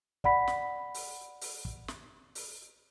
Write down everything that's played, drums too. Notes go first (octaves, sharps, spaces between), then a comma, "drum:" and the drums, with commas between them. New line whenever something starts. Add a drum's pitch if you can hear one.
D5 F#5 B5 B6, drum: kick
drum: snare
drum: open hi-hat
drum: open hi-hat
drum: kick
drum: snare
drum: open hi-hat